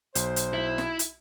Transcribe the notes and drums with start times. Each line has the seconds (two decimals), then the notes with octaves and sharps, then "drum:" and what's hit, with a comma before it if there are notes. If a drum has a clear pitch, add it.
0.15 B1 C5, drum: hi-hat
0.36 drum: hi-hat
0.53 E4
0.78 drum: snare
0.99 drum: hi-hat